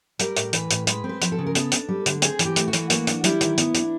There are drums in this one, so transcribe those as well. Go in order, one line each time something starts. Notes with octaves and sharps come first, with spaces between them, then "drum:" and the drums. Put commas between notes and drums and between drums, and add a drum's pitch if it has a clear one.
G3 A#4, drum: hi-hat
A2, drum: hi-hat
E3 B4, drum: hi-hat
A2, drum: hi-hat
G#3 B4, drum: hi-hat
C4
B4
F3, drum: hi-hat
A4
C#3
A#4
B3 A4, drum: hi-hat
D4, drum: hi-hat
G3
D3, drum: hi-hat
C4 G#4, drum: hi-hat
E3, drum: hi-hat
G4
A3, drum: hi-hat
F#4
E3, drum: hi-hat
A#3 F#4, drum: hi-hat
D4, drum: hi-hat
G3 E4, drum: hi-hat
D#3, drum: hi-hat
B3, drum: hi-hat
D4, drum: hi-hat